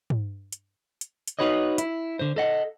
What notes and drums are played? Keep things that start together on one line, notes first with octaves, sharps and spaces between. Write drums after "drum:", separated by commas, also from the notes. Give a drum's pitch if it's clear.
drum: tom
drum: hi-hat
drum: hi-hat
drum: hi-hat
D#4 F#4 B4 C#5 D#5
E4, drum: hi-hat
D3 C5
A4 D#5 F#5